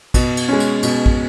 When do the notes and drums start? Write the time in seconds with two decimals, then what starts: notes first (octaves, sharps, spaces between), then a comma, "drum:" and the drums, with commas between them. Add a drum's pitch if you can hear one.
0.14 B2, drum: kick, cymbal
0.37 drum: cymbal
0.49 G#3 C#4
0.60 drum: cymbal
0.83 B2, drum: cymbal
1.06 drum: kick